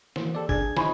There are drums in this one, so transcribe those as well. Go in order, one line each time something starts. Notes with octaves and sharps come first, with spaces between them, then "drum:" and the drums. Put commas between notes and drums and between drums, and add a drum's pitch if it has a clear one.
E3 A#3 C5, drum: snare
G4 A4 D5
D4 G#4 G#6, drum: kick G1
D#4 F4 C5 G#5 B5 C#6, drum: snare